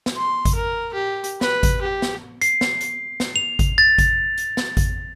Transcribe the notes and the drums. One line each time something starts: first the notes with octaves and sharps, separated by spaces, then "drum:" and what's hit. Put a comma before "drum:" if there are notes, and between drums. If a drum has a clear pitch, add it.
drum: snare
C6
drum: kick G#1, hi-hat
A#4
G4
drum: hi-hat
B4, drum: snare
drum: kick G#1, hi-hat
G4
drum: snare
C7, drum: hi-hat
drum: snare
drum: hi-hat
drum: snare
F7
drum: kick G#1, hi-hat
A6
drum: kick G#1, hi-hat
drum: hi-hat
drum: snare
drum: kick G#1, hi-hat